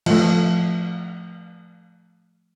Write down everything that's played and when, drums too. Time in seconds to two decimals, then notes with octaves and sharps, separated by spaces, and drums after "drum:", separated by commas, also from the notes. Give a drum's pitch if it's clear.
0.06 F3 A3, drum: cymbal